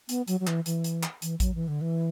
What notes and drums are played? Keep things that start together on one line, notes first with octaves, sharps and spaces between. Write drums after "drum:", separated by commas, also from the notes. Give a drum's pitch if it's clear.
B3, drum: hi-hat
F#3, drum: hi-hat
F#3
E3, drum: clap
E3, drum: hi-hat
drum: hi-hat
drum: clap
E3, drum: hi-hat
F#3, drum: kick A1, hi-hat
E3
D3
E3